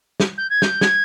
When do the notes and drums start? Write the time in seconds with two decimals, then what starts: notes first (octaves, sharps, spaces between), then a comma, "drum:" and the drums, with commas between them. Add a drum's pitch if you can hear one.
0.20 drum: snare
0.38 G6
0.50 G#6
0.62 G6, drum: snare
0.81 G#6, drum: snare